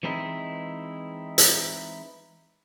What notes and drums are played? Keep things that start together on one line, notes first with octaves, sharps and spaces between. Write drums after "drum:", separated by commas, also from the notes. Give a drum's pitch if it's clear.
E3 G#3 C4 D#4 E4
drum: hi-hat